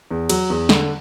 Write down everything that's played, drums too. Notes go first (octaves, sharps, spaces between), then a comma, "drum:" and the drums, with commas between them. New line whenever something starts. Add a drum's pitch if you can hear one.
E2
F#3, drum: cymbal
E2
D3, drum: snare